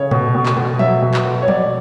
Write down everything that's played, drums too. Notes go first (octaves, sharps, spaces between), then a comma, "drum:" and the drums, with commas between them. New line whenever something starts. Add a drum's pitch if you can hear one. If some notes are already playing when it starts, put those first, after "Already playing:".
Already playing: C#3 C#5
B2, drum: tom A2
B2
drum: clap
B2
F#3 E5, drum: tom F3
B2
drum: clap
B2
C#5
B2 D5, drum: tom F3